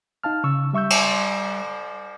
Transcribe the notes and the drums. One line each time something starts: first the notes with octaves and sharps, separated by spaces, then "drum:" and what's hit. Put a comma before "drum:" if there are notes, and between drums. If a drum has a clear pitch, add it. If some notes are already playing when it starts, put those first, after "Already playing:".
D#4 F5 A5 F6
C#3 C#6 E6
G3 E5 C#6 E6 G6
drum: cymbal